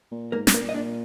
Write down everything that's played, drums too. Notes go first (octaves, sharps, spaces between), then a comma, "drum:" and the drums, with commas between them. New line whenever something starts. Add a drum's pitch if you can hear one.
A#2
G#2 A#3 A#4
A#2, drum: snare
A#3 A#4
A#2
D#5
A#2 D4 D5